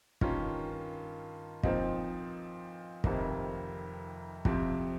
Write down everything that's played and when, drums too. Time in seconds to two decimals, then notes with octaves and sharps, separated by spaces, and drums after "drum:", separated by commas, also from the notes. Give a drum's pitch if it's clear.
0.21 G2 D#3 A#3 C#4 F4, drum: kick
1.63 A#2 F3 C4 D#4, drum: kick
3.04 F1 F2 C3 D#3 A#3, drum: kick
4.45 F2 C3 F3 C4, drum: kick